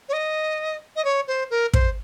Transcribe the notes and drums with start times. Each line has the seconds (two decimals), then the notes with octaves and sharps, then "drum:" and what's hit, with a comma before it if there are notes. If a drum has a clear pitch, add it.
0.09 C#5
0.13 D#5
0.96 D#5
1.05 C#5
1.28 C5
1.50 A#4
1.74 C5, drum: kick